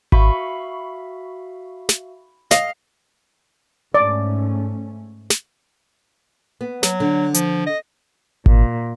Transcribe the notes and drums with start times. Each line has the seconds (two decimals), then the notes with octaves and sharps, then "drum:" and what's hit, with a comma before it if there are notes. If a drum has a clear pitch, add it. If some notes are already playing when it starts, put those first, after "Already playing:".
0.12 F#4 E5 F5 B5 C#6, drum: kick G#1
1.89 drum: snare
2.51 D#5 F5, drum: snare
3.94 G#2 A3 C#4 D5
5.30 drum: snare
6.61 B3
6.83 F#3, drum: snare
7.00 D3
7.34 F3, drum: hi-hat
7.67 D#5
8.46 A#2, drum: kick G#1